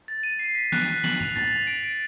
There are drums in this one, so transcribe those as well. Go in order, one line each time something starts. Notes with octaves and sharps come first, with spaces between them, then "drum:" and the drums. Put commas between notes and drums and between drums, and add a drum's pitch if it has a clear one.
A6
D#7
C7
B6
F#6, drum: snare
B6
F#7, drum: snare
F7, drum: kick
A6, drum: tom
F7
D7
D7